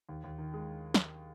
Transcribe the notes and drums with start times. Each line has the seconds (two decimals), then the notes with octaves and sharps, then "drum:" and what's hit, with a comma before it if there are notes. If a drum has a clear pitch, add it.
0.09 D#2
0.24 D#2
0.38 D#3
0.53 G#3
0.94 drum: snare